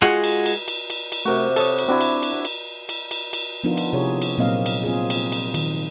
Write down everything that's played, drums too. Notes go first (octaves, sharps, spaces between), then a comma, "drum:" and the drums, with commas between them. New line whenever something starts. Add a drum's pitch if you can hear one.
G#3 F4 F#4 G#4 F#5
drum: cymbal
drum: cymbal
drum: cymbal
drum: cymbal
drum: cymbal
C3 A3 F#4 A#4
A4 C#5 D#6, drum: cymbal
drum: cymbal
C4 D4 E4 F#4
drum: cymbal
drum: cymbal
drum: cymbal
drum: cymbal
drum: cymbal
drum: cymbal
F3 B3 D4 D#4 F4 A#4
drum: cymbal
C3 E4 G4 G#4 C#5
drum: cymbal
A#2 F#3 A#3 C4 D#5 F5
drum: cymbal
C4 F4 G#4
drum: cymbal
drum: cymbal
D#3, drum: cymbal